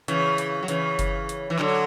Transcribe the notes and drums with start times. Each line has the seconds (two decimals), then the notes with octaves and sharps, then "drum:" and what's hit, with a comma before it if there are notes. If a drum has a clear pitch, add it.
0.08 C#3 E3, drum: hi-hat
0.38 drum: hi-hat
0.63 F#3
0.68 C#3 E3, drum: hi-hat
0.99 drum: kick F#1, hi-hat
1.29 drum: hi-hat
1.50 E3
1.59 D3 F#3, drum: clap